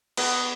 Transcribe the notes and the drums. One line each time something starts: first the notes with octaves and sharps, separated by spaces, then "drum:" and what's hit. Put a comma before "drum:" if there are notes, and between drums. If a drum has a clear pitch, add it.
B3, drum: cymbal